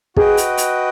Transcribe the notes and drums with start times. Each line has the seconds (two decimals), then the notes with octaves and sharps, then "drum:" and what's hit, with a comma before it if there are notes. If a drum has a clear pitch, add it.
0.16 F#4 G#4 B4 D#5 G5, drum: kick
0.37 drum: hi-hat
0.57 drum: hi-hat